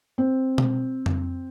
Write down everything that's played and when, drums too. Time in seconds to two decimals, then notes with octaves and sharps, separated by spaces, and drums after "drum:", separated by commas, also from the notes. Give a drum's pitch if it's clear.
0.18 C4
0.58 drum: tom B2
1.06 drum: tom F2